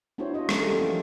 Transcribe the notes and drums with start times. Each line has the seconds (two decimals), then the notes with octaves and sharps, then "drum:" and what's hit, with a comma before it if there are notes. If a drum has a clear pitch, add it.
0.18 B3 D4 E4 F#4 C5 C#5
0.34 F4 F#4 D#5
0.49 E3 G#3 A3 C#4 A4 A#4, drum: rim click
0.65 F#3 G3 G4 A4
0.80 F3 C4 C#4 F4